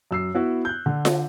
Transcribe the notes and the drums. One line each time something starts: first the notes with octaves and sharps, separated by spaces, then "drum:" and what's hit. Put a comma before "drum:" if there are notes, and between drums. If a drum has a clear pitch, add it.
F#2 E6 C7
B3 E4 F#4
F#6 G6
D3
drum: snare F4